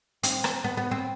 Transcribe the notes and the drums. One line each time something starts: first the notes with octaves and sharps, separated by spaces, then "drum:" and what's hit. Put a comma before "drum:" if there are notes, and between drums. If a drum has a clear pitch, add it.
C4, drum: hi-hat
drum: rim click
B3
B3
C4